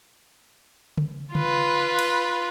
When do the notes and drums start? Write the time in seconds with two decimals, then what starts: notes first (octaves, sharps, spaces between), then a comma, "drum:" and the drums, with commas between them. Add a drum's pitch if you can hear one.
0.98 drum: tom C#3
1.35 F4 B4, drum: tom C#3
1.99 drum: cymbal